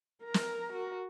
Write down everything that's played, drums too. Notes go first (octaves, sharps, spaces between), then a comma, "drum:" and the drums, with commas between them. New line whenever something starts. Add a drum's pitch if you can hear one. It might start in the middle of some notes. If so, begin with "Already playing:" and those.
A#4 A#5
drum: snare
F#4